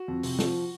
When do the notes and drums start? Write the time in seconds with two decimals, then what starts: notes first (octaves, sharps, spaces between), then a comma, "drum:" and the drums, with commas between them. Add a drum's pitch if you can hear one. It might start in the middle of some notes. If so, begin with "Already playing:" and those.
Already playing: F#4
0.08 F2
0.23 C3, drum: open hi-hat
0.39 F3, drum: snare